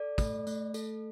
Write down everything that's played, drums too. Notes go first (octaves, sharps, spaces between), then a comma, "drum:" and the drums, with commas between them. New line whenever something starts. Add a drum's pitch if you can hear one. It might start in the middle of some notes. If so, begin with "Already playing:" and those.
Already playing: A4 D5
A3, drum: kick, tambourine
A3, drum: tambourine
A4, drum: tambourine